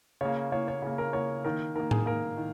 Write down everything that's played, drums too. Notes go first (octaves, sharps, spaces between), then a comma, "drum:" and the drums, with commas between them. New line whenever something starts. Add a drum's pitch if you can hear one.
C#3 A#3 C#5
C#3 A#3 C#5
C#5
C#3 A#3
A#4
C#3 A#3 C#5
D#3 A#3 A#4
D#3 A#3 A#4
G#4, drum: tom A2
D#3 A#3 A#4
D#3